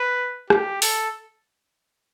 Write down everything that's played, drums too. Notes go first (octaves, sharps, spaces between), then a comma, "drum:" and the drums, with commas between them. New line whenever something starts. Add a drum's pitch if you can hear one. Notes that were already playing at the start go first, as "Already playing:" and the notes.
Already playing: B4
G4, drum: rim click
A4, drum: open hi-hat